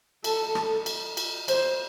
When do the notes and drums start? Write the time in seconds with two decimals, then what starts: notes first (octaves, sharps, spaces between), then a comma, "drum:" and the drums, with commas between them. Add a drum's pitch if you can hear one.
0.24 A4, drum: cymbal
0.55 drum: rim click
0.86 drum: cymbal
1.17 drum: cymbal
1.48 C5, drum: cymbal